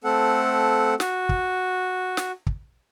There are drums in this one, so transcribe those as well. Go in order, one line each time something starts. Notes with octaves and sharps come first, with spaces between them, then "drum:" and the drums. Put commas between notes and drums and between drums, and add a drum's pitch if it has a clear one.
A3 C4 A4 F#5
F#4, drum: snare
drum: kick
drum: snare
drum: kick